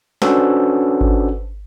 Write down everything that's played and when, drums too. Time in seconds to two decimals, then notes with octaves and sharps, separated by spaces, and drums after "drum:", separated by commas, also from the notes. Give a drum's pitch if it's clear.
0.22 C#4 D4 F#4 A4 B4 C5, drum: snare
1.01 drum: kick G#1